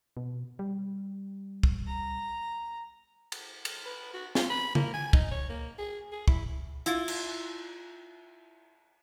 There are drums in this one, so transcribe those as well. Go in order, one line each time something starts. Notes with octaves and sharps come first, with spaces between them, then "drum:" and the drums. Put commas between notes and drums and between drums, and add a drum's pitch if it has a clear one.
B2
G3
drum: kick
A#5
drum: cymbal
drum: cymbal
B4
F#4
F4, drum: snare
B5
A#3, drum: tom C#3
G#5
D#4, drum: kick
C#5
A#3
G#4
G#4
E4, drum: kick
E4 F4, drum: hi-hat
drum: cymbal